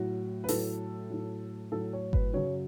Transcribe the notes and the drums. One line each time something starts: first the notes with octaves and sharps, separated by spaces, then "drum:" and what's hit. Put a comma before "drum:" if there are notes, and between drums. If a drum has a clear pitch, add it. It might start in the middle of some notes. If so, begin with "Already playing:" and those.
Already playing: A2 F#3 F#4
B4
A2 F#3 A4, drum: open hi-hat
A2 F#3
A2 F#3 A4
C#5
B4, drum: kick G1
F#2 C#3 F#3 C#5